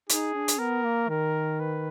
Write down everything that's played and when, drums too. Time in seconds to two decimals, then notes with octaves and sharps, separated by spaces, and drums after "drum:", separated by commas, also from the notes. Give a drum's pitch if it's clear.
0.09 D#4 G#4, drum: hi-hat
0.34 D4
0.48 drum: hi-hat
0.59 B3 A#4
0.84 A#3
1.09 D#3 A#4
1.60 B4